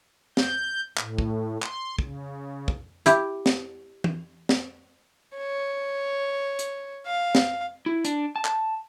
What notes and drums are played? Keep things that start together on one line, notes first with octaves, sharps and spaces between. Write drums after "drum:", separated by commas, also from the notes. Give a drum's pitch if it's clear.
G6, drum: snare
A2, drum: clap
drum: kick
C6, drum: clap
C#3, drum: kick
drum: kick
E4 G4, drum: hi-hat
drum: snare
drum: tom E3
drum: snare
C#5
drum: hi-hat
F5
drum: snare
E4
D4, drum: hi-hat
A5
drum: clap